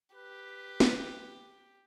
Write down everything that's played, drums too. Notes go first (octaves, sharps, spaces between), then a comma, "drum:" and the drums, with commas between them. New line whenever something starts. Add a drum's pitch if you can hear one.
G4 B4
drum: snare